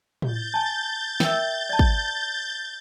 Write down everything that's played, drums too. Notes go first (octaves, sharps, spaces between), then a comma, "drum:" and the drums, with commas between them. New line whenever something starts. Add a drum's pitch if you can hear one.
G6 A6, drum: tom A2
G#5 A5
A#4 E5 G5, drum: snare
D5 A5
drum: kick